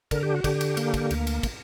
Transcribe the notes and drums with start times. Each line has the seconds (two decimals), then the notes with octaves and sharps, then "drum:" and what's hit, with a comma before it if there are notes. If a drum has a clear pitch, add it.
0.11 D3 A#4, drum: kick, cymbal
0.23 G4
0.34 F#4
0.44 D3 G4, drum: kick, cymbal
0.61 drum: cymbal
0.77 A#3, drum: cymbal
0.94 drum: kick, cymbal
1.11 D2, drum: cymbal
1.27 drum: cymbal
1.43 drum: kick, cymbal